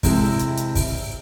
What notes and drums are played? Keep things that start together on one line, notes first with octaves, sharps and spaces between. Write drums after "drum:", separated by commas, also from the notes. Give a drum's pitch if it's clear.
C3 G#3 C4 E4 A4, drum: kick, open hi-hat
drum: hi-hat
drum: hi-hat
drum: kick, open hi-hat